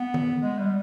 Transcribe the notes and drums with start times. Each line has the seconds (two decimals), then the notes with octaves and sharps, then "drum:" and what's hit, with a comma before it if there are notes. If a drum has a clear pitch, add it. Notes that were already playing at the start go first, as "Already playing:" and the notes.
Already playing: B3
0.14 drum: tom D#3
0.43 G#3
0.58 G3